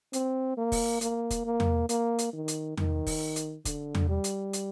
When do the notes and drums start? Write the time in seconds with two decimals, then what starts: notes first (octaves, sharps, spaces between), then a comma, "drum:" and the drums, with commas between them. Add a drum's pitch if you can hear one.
0.13 C4, drum: hi-hat
0.57 A#3
0.72 drum: kick F1, open hi-hat
1.01 A#3, drum: hi-hat
1.30 drum: kick F1, hi-hat
1.45 A#3
1.60 drum: tom E2
1.89 A#3, drum: hi-hat
2.18 drum: hi-hat
2.33 D#3
2.48 drum: hi-hat
2.77 D#3, drum: tom E2
3.07 drum: kick F1, open hi-hat
3.36 drum: hi-hat
3.65 D3, drum: kick F1, hi-hat
3.95 drum: tom E2
4.09 G3
4.24 drum: hi-hat
4.53 drum: hi-hat